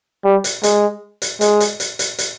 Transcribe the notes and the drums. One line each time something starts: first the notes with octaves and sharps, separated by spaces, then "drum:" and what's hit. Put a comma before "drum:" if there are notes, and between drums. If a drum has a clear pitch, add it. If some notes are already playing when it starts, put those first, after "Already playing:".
G3
drum: hi-hat
G#3, drum: hi-hat
drum: hi-hat
G#3, drum: hi-hat
drum: hi-hat
drum: hi-hat
drum: hi-hat
drum: hi-hat